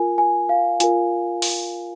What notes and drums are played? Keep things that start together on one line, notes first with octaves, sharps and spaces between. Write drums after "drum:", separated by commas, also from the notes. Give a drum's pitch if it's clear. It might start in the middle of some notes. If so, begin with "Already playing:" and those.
Already playing: F4 A#4 G#5
G#5
F5
F4 A#4 G#5, drum: hi-hat
drum: open hi-hat